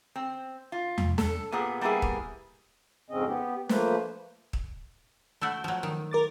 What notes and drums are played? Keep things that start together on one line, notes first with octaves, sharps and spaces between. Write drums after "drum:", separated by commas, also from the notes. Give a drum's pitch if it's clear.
C4
F4
drum: tom E2
A4, drum: snare
A#2 B3 G4 G#4
G3 A#3 B3 E4 G#4
drum: kick
F2 G#2 C#3 C4 C#4 D#5
B3 G4
F3 A3 A#3 B4 C5, drum: snare
drum: kick
A3 E4 F#4 E6 G6
F3 F#3
D#3
A#4 D6 A6